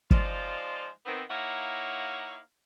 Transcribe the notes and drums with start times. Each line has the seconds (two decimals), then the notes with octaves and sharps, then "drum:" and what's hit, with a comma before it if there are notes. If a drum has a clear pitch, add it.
0.11 F3 G#3 D#4 F4 C5 D5, drum: kick
1.05 D#3 B3 C4
1.30 A#3 D#4 E4 C#5 F5 F#5